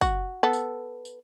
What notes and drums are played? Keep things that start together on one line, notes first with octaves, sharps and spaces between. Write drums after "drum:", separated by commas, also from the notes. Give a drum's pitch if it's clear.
F#4, drum: kick, tambourine
B3 A4
drum: tambourine
drum: tambourine